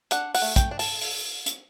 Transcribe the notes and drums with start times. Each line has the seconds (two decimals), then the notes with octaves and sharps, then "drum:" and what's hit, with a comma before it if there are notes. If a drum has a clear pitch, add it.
0.11 D4 F#5, drum: hi-hat
0.35 F#5, drum: open hi-hat
0.42 A3
0.56 G5, drum: kick, hi-hat
0.71 D4
0.79 A5, drum: open hi-hat
1.01 drum: open hi-hat
1.46 drum: hi-hat